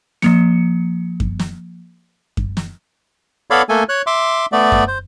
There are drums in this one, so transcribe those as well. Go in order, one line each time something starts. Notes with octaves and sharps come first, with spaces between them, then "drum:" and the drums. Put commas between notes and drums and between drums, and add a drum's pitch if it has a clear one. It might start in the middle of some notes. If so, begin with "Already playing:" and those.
F3 A#3 C#7, drum: snare
drum: kick F#2
drum: snare
drum: kick F#2
drum: snare
B3 A4 C#5 D5 F5 B5
A3 A#3 A4 G#5
C#5 F#6
E5 C6 D6
A3 B3 D5
drum: kick F#2
C5